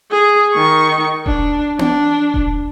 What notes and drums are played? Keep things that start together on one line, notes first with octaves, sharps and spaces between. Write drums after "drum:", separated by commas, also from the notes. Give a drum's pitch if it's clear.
G#4
D#3 C#6
D4, drum: kick E1
D4, drum: tom B3
drum: kick E1